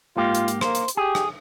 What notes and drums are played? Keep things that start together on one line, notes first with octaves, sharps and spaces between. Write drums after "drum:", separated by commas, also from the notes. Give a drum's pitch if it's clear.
G#2 A#3 F4 G4
drum: hi-hat
drum: hi-hat
A#3 C5, drum: rim click
drum: hi-hat
drum: hi-hat
G4 G#4
drum: rim click